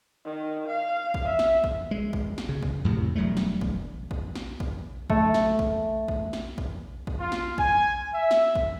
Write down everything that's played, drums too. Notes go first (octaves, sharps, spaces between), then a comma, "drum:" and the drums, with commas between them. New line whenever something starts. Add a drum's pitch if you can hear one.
D#3
F5
drum: kick
E5
drum: snare
drum: kick
G#3
drum: kick
drum: snare
C#3
drum: kick
F2 A2 C3
E1 F#3 G3 A3
drum: snare
drum: kick
drum: kick
drum: snare
drum: kick
A3, drum: kick
drum: snare
drum: kick
drum: kick
drum: snare
drum: kick
drum: kick
F4
drum: snare
G#5, drum: kick
E5
drum: snare
drum: kick